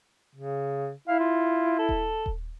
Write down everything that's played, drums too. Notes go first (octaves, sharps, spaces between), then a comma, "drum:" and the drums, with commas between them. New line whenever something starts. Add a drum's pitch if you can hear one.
C#3
E4 F5
F4
A4
drum: kick D#1
drum: kick D#1